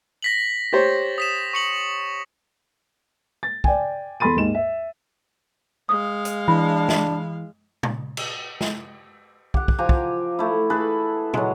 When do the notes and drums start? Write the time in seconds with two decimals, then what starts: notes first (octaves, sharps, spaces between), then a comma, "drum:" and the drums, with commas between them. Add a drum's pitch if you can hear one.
0.23 A#6 B6 F#7
0.73 G4 C5 C#5 A6
1.18 D#6 B6 E7
1.53 C#6 C#7 F#7
3.43 A6
3.64 D5 G5 G#5, drum: kick
4.20 E2 A4 B5 C6 A6 D#7
4.36 D#2 G#2 E7
4.55 E5
5.89 G#3 F5 D#6
6.25 drum: hi-hat
6.48 E3 D4 B5
6.89 drum: snare
7.83 drum: tom A#2
8.17 drum: cymbal
8.61 drum: snare
9.54 G4 F#5, drum: kick
9.68 drum: kick
9.78 F3 G4 G#5 A#5
9.89 drum: kick
10.39 A3 E4
10.70 G#4 A4 B4
11.34 F#3 G#3, drum: tom